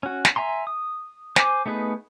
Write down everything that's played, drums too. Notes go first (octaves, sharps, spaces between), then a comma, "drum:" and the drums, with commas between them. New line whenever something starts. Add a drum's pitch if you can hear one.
C#4 F#4
drum: snare
E5 G#5 A#5 C6
D#6
C5 G#5 D6, drum: snare
A3 B3 D#4 G#4 B4